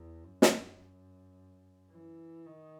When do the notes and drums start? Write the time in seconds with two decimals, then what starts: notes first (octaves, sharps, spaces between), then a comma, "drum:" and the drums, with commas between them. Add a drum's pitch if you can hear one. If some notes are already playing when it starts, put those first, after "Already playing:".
Already playing: E2
0.24 F#2
0.42 drum: snare
1.90 E3
2.46 D#3